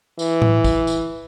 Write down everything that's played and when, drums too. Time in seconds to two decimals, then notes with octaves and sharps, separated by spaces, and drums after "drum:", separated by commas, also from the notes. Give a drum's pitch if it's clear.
0.19 E3, drum: tambourine
0.42 drum: tom A2
0.64 drum: kick, tambourine
0.87 drum: tambourine